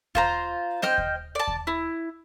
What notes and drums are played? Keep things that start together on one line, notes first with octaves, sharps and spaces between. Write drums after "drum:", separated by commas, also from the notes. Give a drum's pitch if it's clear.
F4 C5 A#5, drum: kick D#2
C5 D#5 G5 F6, drum: snare
drum: kick D#2
D5 A5
drum: kick D#2
E4